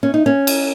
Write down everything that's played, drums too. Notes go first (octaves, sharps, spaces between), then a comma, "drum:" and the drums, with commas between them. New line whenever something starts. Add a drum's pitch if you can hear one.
C#4
D#4
C#4
drum: cymbal